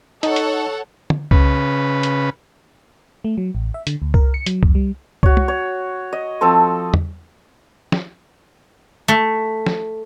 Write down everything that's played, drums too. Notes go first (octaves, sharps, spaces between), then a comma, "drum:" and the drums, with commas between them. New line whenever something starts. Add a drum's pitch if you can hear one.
D#4 A4 C#5 D#5 F#5, drum: hi-hat
drum: hi-hat
drum: tom
C#3 B4, drum: kick C2
drum: hi-hat
A3
F#3
A1
E5
D3, drum: hi-hat
D2
A#4, drum: kick C2
C#7
F#3, drum: hi-hat
F2, drum: kick C2
G3
F#4 C#5, drum: kick C2
drum: tom
C#5
D#5
F3 C4 A4 C6
drum: tom E2
drum: snare
A3
drum: snare